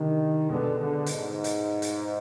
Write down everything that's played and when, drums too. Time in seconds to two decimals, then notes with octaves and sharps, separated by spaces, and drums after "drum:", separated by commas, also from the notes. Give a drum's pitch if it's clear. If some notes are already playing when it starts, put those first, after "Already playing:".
Already playing: C3 D#3 G3 D4
0.49 B2 D3 G#3 B3
0.78 D3
1.06 G#2, drum: hi-hat
1.44 drum: hi-hat
1.82 drum: hi-hat